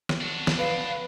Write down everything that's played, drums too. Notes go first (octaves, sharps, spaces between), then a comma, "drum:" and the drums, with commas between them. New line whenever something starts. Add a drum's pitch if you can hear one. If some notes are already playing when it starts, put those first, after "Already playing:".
drum: snare
D4 F#4
drum: snare
B4 F5